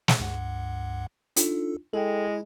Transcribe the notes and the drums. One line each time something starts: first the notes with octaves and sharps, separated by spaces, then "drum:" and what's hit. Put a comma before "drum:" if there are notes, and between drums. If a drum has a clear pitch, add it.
drum: snare
C#2 G2 F#5
D4 D#4 F4 A4, drum: hi-hat
G#3 E4 A4 G5